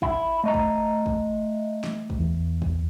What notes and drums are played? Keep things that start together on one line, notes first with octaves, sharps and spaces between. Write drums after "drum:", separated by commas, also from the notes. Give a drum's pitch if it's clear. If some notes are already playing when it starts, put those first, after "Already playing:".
E4, drum: kick
A3 D#5 A#5
drum: kick
drum: kick
drum: snare
drum: kick
E2
drum: kick